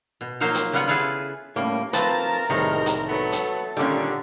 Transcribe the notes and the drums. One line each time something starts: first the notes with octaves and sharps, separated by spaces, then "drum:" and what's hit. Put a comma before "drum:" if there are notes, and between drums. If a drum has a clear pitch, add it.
B2
F3 F#3 A#3 D#4 C5
drum: hi-hat
C#3 G3 B3 F4 F#5 G#5
E4 F4 G#4 A4 B4
A2 G3 A3 A#3 C#4
F3 A3 C4 A#4 B4 A5 A#5, drum: hi-hat
C2 A2 C3 D#3 G#3 D#4
drum: hi-hat
F#3 A3 B3 A4
drum: hi-hat
A#2 D3 D#3 G3 C#4